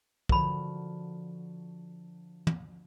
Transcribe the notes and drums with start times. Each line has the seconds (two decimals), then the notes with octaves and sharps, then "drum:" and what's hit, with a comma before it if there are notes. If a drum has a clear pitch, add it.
0.29 D3 F3 F#4 A#4 B5, drum: kick
2.47 drum: tom